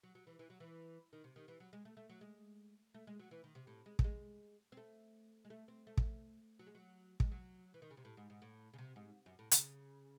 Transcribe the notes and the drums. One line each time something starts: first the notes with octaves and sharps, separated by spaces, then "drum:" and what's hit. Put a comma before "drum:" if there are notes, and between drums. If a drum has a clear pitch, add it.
F#3
F#3
E3
E3
F#3
E3
D#3
C3
D#3
E3
F#3
G#3
A3
A3
F#3
G#3
A3
G#3
F#3
E3
D#3
C3
A2
G#3
A3, drum: kick
G#3
C4
A3
G#3
A3
C4
A3
drum: kick
F#3
G#3
F#3
G#3, drum: kick
F#3
E3
D#3
C#3
C3
A2
G#2
G#2
A2
C#3
C3
G#2
F#2
A2
C#3, drum: hi-hat